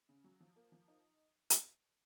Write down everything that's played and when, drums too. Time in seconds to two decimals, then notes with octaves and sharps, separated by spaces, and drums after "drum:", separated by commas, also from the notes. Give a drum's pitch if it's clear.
0.09 C#3
0.24 F#3
0.40 F3
0.56 A#3
0.72 F3
0.88 D#4
1.50 drum: hi-hat